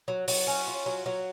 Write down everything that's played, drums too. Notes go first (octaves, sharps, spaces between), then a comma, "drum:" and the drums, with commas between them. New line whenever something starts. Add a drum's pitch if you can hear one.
F#3
F#3, drum: open hi-hat
C#4
F4
F#3
F#3